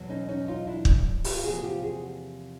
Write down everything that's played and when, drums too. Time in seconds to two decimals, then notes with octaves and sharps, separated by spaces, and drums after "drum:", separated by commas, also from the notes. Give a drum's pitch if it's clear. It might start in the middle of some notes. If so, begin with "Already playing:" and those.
Already playing: E2 B2 F#3
0.09 C#4 D#4
0.29 C#4 D#4
0.48 D#4 F4
0.67 D4 E4
0.85 drum: kick
1.24 F4 G4, drum: open hi-hat
1.37 G4
1.44 E2 C3 F3 A#3 F#4 G#4
1.63 F4 G4
1.82 F#4 G#4